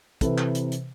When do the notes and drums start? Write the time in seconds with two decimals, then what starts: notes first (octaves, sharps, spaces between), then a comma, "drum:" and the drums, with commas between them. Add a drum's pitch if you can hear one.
0.21 C3 E3 A4 B4, drum: kick, hi-hat
0.38 drum: clap
0.55 drum: hi-hat
0.72 drum: hi-hat